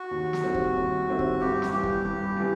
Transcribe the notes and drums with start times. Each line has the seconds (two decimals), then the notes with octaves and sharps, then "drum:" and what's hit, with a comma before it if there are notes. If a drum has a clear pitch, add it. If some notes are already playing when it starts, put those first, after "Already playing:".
Already playing: F#4
0.11 D#2
0.33 drum: snare
0.44 D#3 G3 C4 E4
0.55 drum: kick
0.75 D#2
1.08 D#3 G3 C4 E4
1.19 drum: kick
1.41 G2 G4
1.62 drum: snare
1.72 E3 G3 G4
1.83 drum: kick
2.05 G2
2.36 E3 G3